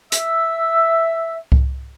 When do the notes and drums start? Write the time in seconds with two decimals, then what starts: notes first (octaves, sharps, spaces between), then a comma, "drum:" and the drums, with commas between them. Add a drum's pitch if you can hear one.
0.12 E5 E6, drum: hi-hat
1.52 drum: kick C2